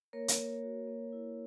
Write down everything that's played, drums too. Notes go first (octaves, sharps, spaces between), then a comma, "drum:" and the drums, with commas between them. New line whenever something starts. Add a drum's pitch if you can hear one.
A#3 A#4 C#5
drum: hi-hat
A#3
F#4
A#3
E4